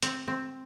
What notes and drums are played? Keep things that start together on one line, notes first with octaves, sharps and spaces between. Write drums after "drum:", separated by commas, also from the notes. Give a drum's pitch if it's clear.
C4, drum: hi-hat
C4